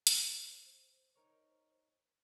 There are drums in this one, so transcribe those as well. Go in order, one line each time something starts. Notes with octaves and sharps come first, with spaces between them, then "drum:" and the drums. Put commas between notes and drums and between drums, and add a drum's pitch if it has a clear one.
C5, drum: hi-hat
D#4 A#4 C#5